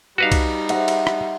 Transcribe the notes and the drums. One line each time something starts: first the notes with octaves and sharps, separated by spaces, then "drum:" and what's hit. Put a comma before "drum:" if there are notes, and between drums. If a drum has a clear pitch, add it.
G3 D#4 F#4 B4 F5
drum: kick C2, cymbal
E5 F#5 C6, drum: cymbal
drum: cymbal
drum: rim click